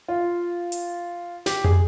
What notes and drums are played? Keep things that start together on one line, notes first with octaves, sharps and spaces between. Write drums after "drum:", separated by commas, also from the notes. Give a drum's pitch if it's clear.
F4
drum: hi-hat
G4, drum: snare
G#4, drum: tom F2